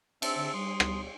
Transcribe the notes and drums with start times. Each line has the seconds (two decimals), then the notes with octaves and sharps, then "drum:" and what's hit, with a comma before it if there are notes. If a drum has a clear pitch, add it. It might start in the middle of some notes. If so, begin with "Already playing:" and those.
0.22 C4 E5 A5, drum: cymbal
0.35 D3
0.54 G3 C6 D#6
0.80 drum: rim click